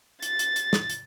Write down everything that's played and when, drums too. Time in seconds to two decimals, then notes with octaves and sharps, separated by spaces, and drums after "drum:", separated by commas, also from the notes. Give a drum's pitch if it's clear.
0.22 A6, drum: hi-hat
0.39 drum: hi-hat
0.56 drum: hi-hat
0.73 drum: snare
0.90 drum: hi-hat